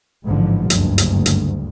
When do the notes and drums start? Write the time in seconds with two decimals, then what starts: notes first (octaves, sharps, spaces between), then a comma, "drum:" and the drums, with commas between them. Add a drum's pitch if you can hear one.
0.24 A1 G#2 D3 F3
0.70 F#1 D2 G2, drum: hi-hat
0.98 drum: hi-hat
1.26 drum: hi-hat